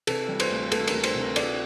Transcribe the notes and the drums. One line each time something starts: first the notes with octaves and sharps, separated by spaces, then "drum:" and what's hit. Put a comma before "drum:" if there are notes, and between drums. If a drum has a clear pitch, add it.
C3 A4, drum: cymbal
G3
C5, drum: cymbal
D2
D2 A4, drum: cymbal
A#4, drum: cymbal
D2
C5, drum: cymbal
C3 A#4
A3 D5, drum: cymbal